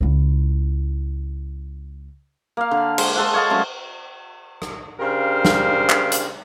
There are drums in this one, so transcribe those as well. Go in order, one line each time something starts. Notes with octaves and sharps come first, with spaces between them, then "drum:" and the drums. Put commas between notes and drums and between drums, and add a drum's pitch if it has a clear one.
C#2 E4
A#3 F5
D3
G#3, drum: cymbal
G#3 A4 F#5
C#5 D#5 F5 A5
F#3 G#3 A3 C#4
drum: rim click
C#3 D4 G4 A#4 C5 F5
drum: snare
drum: clap
drum: hi-hat